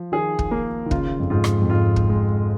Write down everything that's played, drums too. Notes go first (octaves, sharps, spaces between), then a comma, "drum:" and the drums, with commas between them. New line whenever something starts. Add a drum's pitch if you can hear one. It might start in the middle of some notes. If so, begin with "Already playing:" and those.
Already playing: F3
D#3 G#4
drum: kick
A#3
D#3
C#3 F4, drum: kick
F2
G#2 F4
drum: rim click
F2
G#2 F4
drum: kick
G#3